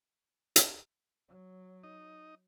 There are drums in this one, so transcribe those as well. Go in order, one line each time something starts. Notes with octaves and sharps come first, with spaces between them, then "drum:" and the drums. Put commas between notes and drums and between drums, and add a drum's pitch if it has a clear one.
drum: hi-hat
F#3
D#4 D#5